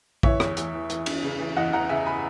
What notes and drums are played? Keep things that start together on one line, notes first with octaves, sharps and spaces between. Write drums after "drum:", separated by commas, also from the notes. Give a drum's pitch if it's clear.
E3 C#5 E5, drum: kick
E2, drum: rim click
E2, drum: hi-hat
E3
E3, drum: hi-hat
E2, drum: cymbal
C#3
E3
E2 D#5 F#5
E2 F#5 A#5
C#3 E5 G#5
G#5 B5